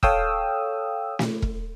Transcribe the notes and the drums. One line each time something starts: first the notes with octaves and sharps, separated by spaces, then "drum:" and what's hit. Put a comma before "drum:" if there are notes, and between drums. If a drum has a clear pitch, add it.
A4 C#5 F5 G5 D#6 E6, drum: kick E1
drum: snare
drum: kick E1